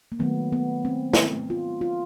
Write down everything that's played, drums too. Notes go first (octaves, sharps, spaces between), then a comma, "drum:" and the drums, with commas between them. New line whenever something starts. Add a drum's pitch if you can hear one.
A#3
D#3 F#3 A3 B3
B3
C4
drum: snare
F4
F4